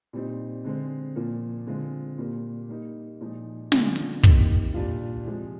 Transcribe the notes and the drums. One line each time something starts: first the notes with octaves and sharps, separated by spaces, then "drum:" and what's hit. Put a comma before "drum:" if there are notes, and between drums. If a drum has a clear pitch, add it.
A#2 G3 C4 D#4
D3 G#3 C4
A#2 F3 A#3
D3 G#3 C4 F4
A#2 G3 A#3
G3 A#3 D#4
A#2 F3 G#3 D#4
D3 G#3 D4 F4, drum: snare
drum: hi-hat
C3 D#3 A#3 D#4, drum: kick
A#2 G3 D4 F4
C3 F3 G#3